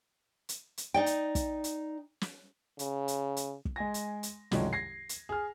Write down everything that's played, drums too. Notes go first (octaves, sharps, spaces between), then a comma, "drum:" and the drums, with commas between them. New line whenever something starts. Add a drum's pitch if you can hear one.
drum: hi-hat
drum: hi-hat
D#4 D5 G5
drum: hi-hat
drum: kick, hi-hat
drum: hi-hat
drum: snare
C#3, drum: hi-hat
drum: hi-hat
drum: hi-hat
drum: kick
G#3 G#5 A#6
drum: hi-hat
drum: hi-hat
C2 F#2 D#3 F3 G#3 C#5, drum: snare
G#6 A#6 C7
drum: hi-hat
G#4 F6